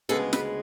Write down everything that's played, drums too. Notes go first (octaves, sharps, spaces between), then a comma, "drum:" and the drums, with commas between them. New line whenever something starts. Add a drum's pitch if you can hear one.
D2 C#3 G#3 B3 A4
B4, drum: snare